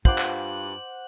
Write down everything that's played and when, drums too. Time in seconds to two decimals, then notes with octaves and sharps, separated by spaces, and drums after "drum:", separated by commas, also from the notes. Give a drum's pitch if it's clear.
0.05 G2 F4 C5 F#5 D6 F#7, drum: kick
0.18 drum: clap